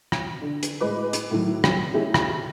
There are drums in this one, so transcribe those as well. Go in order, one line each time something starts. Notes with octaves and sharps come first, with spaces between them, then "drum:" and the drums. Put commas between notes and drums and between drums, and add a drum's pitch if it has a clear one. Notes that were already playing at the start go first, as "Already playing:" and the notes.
drum: rim click
D3
drum: hi-hat
A2 G#3 B4 D#5 D6
drum: hi-hat
A2 D#3 F#3
F#3, drum: rim click
A3 C#4 D#4 E4 G4 G#4
drum: rim click